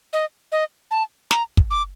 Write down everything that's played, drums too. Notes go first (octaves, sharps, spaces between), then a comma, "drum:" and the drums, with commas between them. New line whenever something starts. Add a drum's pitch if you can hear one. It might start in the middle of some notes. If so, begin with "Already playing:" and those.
D#5
D#5
A5
A#5, drum: snare
drum: kick
D6